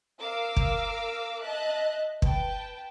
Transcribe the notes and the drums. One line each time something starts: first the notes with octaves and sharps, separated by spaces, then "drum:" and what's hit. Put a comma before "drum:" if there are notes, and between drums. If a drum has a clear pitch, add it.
A#4 F5 D6 E6
drum: kick
D#5 E5 A5 F#6
B4 G5 A5, drum: kick